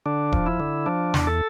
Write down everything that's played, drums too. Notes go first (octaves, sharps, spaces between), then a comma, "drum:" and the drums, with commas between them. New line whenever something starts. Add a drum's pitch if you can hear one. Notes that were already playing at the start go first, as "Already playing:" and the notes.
D3 D4
F3, drum: kick D#1
E4
D3
F3 D4
E2, drum: snare
A4